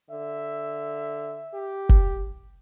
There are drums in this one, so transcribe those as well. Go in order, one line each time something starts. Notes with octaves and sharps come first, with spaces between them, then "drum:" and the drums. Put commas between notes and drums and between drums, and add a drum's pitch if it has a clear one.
D3 E5
G4
drum: kick